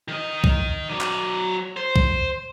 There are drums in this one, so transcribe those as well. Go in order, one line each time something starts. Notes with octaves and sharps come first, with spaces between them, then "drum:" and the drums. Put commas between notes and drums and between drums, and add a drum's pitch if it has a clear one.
D#3 D#5
drum: kick
F#3 D5
drum: clap
C5
drum: kick